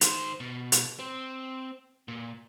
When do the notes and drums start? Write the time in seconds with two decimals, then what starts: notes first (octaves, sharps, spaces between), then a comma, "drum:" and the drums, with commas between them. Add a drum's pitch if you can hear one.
0.01 D#3 C5, drum: hi-hat
0.40 B2
0.72 drum: hi-hat
0.99 C4
2.08 A#2